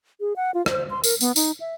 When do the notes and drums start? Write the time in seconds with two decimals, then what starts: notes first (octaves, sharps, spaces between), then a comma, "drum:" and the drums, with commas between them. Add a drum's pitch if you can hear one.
0.20 G#4
0.36 F#5
0.54 F4
0.66 C5, drum: rim click
0.90 C6
1.04 A#4, drum: tambourine
1.21 B3, drum: tambourine
1.36 D#4, drum: tambourine
1.60 E5